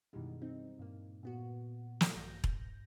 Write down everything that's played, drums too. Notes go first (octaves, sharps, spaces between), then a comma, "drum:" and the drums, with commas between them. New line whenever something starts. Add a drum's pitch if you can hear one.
F#2 B2 D#3 E3 G3 G#3
C4 D#4
G2 A#2 A#3
A#2 B3 F#4
drum: snare
A#1 G2 G6 A#6
drum: kick E1